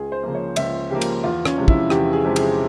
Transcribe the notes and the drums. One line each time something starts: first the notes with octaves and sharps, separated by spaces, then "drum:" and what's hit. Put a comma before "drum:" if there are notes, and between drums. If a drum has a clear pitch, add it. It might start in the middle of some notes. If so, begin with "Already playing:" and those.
Already playing: C#2 G#4
C5
C#3 F3 A#3
C#5
C#2 E5, drum: cymbal
C#3 F3 A#3 G4
drum: cymbal
E2 F4
C#4, drum: rim click
C3 F3 G#3
E4, drum: kick
E2 G4, drum: rim click
G#4
C3 F3 G#3
G#4, drum: cymbal